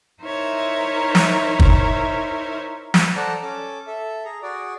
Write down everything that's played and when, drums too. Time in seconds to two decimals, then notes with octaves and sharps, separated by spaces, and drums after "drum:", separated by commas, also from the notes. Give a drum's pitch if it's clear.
0.21 D#4 E4 A#4 C5 C#5 E5
1.15 drum: snare
1.60 drum: kick
2.94 drum: snare
3.16 A4 C5 D5 F#5 A5 A#5
3.42 C#4 A4 D6
3.87 A4 E5
4.25 G#4 A#5
4.43 F#4 G#4 D5